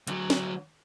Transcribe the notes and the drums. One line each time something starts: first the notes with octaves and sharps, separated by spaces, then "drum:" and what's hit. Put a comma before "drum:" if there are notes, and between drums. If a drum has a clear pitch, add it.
D2 F#3, drum: hi-hat
drum: snare